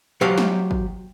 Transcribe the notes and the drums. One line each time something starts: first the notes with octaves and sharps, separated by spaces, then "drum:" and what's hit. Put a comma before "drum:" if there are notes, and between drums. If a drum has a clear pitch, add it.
F#3 F#4 G4 C5 F5
drum: snare
drum: kick